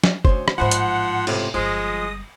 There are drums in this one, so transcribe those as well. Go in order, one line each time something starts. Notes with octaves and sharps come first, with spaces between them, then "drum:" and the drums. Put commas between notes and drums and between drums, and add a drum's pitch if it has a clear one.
drum: snare
D2 C#4 C5, drum: kick F#1
drum: rim click
A1 G#2 F3 C5 E5 F#5 B5
drum: hi-hat
C#2 A2 C3 F4, drum: cymbal
G1 F3 G3 G#3 D#6 A#6